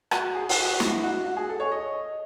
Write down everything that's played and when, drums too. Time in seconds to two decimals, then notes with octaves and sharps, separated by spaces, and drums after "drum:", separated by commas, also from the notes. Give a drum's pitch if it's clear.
0.11 F#4, drum: rim click
0.35 G#4
0.49 F#4, drum: open hi-hat
0.64 F#4
0.80 E4, drum: snare
1.03 F#4
1.26 F#4
1.37 G#4
1.49 A4
1.60 C#5
1.71 D#5